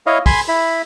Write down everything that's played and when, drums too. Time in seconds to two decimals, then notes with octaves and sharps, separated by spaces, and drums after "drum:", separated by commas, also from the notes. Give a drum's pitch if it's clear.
0.06 E4 C#5 D#5 F5
0.26 G#5 B5 C6, drum: kick, open hi-hat
0.48 E4 B5